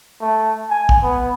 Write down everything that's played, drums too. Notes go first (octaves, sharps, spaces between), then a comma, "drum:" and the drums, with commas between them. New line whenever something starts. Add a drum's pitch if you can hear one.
A3
G#5
drum: kick
B3